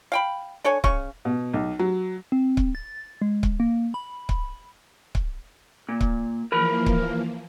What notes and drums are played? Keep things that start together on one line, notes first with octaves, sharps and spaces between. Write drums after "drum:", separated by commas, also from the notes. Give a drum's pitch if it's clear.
F5 G5 B5
D4 A4 C#5 G#5
C#3 C#4 C#6, drum: kick C#1
B2
B1
F#3
C4
drum: kick C#1
A6
G#3
drum: kick C#1
A#3
B5
drum: kick C#1
drum: kick C#1
A#2
drum: kick C#1
E3 F3 A#3 A#4 B5
drum: kick C#1